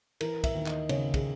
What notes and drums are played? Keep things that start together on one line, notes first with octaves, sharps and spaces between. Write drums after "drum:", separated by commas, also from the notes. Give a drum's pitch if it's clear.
E3 A#4, drum: cymbal
E5, drum: kick, cymbal
D#2
D#5, drum: clap
C#3 C#5, drum: cymbal
G#4, drum: kick, cymbal